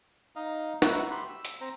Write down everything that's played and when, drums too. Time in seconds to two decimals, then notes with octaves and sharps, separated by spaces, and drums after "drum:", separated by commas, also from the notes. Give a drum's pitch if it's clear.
0.36 D#4 D#5 F5
0.82 D#4 F#4 B4 E5 F#5 C#6, drum: snare
1.11 G4 B5 C6
1.29 E6
1.45 drum: hi-hat
1.61 C4 C5 A#5